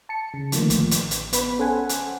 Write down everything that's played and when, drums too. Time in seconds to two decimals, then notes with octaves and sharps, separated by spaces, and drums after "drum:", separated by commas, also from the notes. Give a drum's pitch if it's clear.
0.09 A5 C#7
0.34 C#3
0.52 D3 D#3 F3 A3 A#3, drum: hi-hat
0.70 A1, drum: hi-hat
0.91 drum: hi-hat
1.11 drum: hi-hat
1.33 B3 B4 B5, drum: hi-hat
1.59 C#4 A4 C5 F#5 G#5
1.89 drum: hi-hat